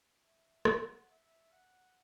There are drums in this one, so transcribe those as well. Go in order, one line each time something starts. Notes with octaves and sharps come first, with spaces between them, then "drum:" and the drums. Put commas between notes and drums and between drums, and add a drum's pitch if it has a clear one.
E5
F#5, drum: rim click
E5
F#5